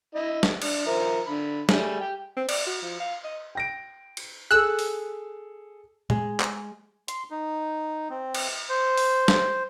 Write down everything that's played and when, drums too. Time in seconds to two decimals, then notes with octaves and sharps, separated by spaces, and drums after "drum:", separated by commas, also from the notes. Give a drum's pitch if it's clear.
0.15 E4 D#5
0.43 drum: snare
0.62 D4, drum: cymbal
0.86 F3 A#4 E5
1.27 D3 B5
1.69 G3 A3 G#4, drum: snare
2.00 G4 G5
2.37 C4
2.49 D5, drum: cymbal
2.67 F#4
2.82 F3
3.00 F5
3.24 D#5
3.55 G5 A#6 D7
4.17 drum: cymbal
4.51 G#4 A4 E6 F#6
4.79 drum: open hi-hat
6.10 G#3, drum: tom
6.40 drum: clap
7.08 C6, drum: hi-hat
7.30 D#4
8.10 C4
8.34 drum: cymbal
8.69 C5
8.98 drum: open hi-hat
9.28 drum: snare